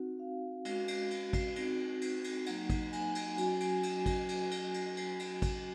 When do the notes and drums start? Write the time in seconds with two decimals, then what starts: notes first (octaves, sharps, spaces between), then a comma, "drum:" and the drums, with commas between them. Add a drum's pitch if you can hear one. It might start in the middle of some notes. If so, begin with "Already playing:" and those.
Already playing: C4 D#4 F#4 F#5
0.19 F5
0.65 G#3 C#4 F#4, drum: cymbal
0.88 drum: cymbal
1.11 drum: cymbal
1.33 drum: kick, cymbal
1.56 C4 D#4 F#4, drum: cymbal
2.01 drum: cymbal
2.24 drum: cymbal
2.46 F#3 A#3 D#4 F#5, drum: cymbal
2.70 drum: kick, cymbal
2.92 G#5, drum: cymbal
3.15 drum: cymbal
3.38 F#3 C#4 F#4 G#5, drum: cymbal
3.60 drum: cymbal
3.83 drum: cymbal
4.06 drum: kick, cymbal
4.29 drum: cymbal
4.51 drum: cymbal
4.74 drum: cymbal
4.97 drum: cymbal
5.19 drum: cymbal
5.42 drum: kick, cymbal